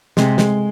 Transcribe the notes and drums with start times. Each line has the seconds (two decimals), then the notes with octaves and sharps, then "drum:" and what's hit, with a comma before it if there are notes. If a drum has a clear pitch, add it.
0.17 C3 G#3, drum: snare
0.38 G#3, drum: snare